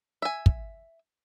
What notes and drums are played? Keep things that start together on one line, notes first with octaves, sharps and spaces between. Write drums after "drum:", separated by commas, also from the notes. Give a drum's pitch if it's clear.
E5 G#5
drum: kick